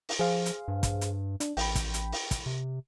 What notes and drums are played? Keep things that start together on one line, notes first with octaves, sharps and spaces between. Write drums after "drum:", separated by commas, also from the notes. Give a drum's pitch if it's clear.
drum: open hi-hat
F3 G#4 C5 F5
drum: hi-hat
G2
drum: kick, hi-hat
drum: hi-hat
D4, drum: hi-hat
A1 G5 B5, drum: open hi-hat
drum: kick, hi-hat
drum: hi-hat
drum: open hi-hat
drum: kick, hi-hat
C3